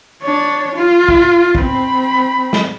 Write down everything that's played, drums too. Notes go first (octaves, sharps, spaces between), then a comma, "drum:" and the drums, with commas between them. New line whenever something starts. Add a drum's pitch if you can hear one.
D4 C#5
F4
drum: kick
C4 B5, drum: kick
drum: snare